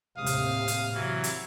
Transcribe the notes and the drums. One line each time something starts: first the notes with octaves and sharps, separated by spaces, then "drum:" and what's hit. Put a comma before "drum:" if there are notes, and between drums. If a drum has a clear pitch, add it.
D#2 A2 C3 F5 D#6
drum: hi-hat
drum: hi-hat
C3 E3 F#3
drum: hi-hat